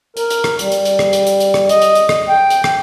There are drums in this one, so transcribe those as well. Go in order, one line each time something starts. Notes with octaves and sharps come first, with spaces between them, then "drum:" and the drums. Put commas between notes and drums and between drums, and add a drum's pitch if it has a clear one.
A#4, drum: hi-hat
drum: hi-hat
drum: rim click
G3, drum: hi-hat
drum: hi-hat
drum: hi-hat
drum: rim click
drum: hi-hat
drum: hi-hat
drum: hi-hat
drum: rim click
D#5, drum: hi-hat
drum: hi-hat
drum: hi-hat
drum: rim click
G5
drum: hi-hat
drum: rim click